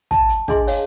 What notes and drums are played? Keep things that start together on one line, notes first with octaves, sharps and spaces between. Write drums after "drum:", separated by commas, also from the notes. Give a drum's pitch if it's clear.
A5, drum: kick, hi-hat
drum: hi-hat
D4 G#4 D#5 E5 G#5 C6, drum: kick, hi-hat
C#5 F5 G#5, drum: open hi-hat